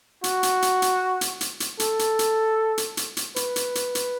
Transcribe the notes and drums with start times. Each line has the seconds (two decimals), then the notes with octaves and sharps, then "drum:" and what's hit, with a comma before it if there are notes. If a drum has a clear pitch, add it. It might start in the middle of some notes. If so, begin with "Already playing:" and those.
0.24 F#4, drum: hi-hat
0.43 drum: hi-hat
0.62 drum: hi-hat
0.82 drum: hi-hat
1.21 drum: hi-hat
1.41 drum: hi-hat
1.60 drum: hi-hat
1.80 A4, drum: hi-hat
1.99 drum: hi-hat
2.19 drum: hi-hat
2.78 drum: hi-hat
2.97 drum: hi-hat
3.17 drum: hi-hat
3.36 B4, drum: hi-hat
3.56 drum: hi-hat
3.75 drum: hi-hat
3.95 drum: hi-hat